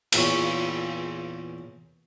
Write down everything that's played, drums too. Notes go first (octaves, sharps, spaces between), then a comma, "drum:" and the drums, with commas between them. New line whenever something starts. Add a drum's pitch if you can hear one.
E2 A#2 C#5, drum: cymbal